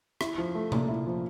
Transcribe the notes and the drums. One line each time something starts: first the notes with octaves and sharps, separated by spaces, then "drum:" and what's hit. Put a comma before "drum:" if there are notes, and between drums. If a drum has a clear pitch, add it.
E4, drum: rim click
F3
A3
A#2, drum: tom C3
E4
F3